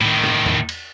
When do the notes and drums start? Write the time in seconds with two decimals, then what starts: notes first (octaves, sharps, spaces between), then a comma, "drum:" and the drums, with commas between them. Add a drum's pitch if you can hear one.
0.01 A2 D#3
0.24 drum: snare
0.46 drum: tom
0.69 drum: cymbal